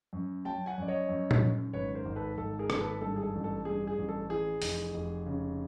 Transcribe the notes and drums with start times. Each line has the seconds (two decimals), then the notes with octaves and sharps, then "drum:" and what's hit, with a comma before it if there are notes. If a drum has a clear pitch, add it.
0.13 F#2
0.45 F#3 G5 A5
0.66 F#5 G#5
0.78 F#2 D5
0.88 C#5 D#5
1.09 F#2
1.31 drum: tom A#2
1.41 F#2
1.73 G#1 B4 C#5
1.95 A#4 C5
2.05 G#1
2.16 A4 B4
2.37 G#1 A4
2.59 G#4 A#4
2.70 G#1, drum: rim click
2.80 A4 B4
3.01 G2 A4
3.16 G#4
3.23 A4
3.33 A1
3.44 A4
3.65 G2 G#4
3.87 G#4
3.98 A1
4.09 A4
4.29 E3 G#4
4.62 F1, drum: open hi-hat
4.94 F1
5.26 C#3